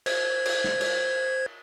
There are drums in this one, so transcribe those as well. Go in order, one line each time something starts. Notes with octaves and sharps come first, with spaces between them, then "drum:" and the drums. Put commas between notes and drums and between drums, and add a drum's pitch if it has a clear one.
C5 G#6, drum: cymbal
drum: cymbal
drum: snare
drum: cymbal